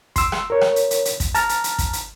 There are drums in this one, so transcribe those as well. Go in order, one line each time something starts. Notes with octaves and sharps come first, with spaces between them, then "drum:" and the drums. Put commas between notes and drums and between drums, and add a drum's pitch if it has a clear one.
C6 E6, drum: kick, hi-hat
drum: rim click
A#4 C#5
drum: rim click
drum: hi-hat
drum: hi-hat
drum: hi-hat
drum: kick, hi-hat
A5 A#5 F6, drum: hi-hat
drum: hi-hat
drum: hi-hat
drum: kick, hi-hat
drum: hi-hat